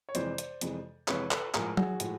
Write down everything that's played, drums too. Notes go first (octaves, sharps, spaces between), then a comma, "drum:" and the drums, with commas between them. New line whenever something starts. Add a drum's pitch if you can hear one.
C#5
F2 C3 E3 G#3 C5 D5, drum: hi-hat
drum: hi-hat
F2 C3 E3 G#3, drum: hi-hat
F2 C3 E3 G#3 B4 C#5, drum: clap
A4 B4, drum: clap
A2 F3 G#3 G#4 A#4, drum: clap
F#4 G#4, drum: tom F#3
A2 F3 G#3, drum: hi-hat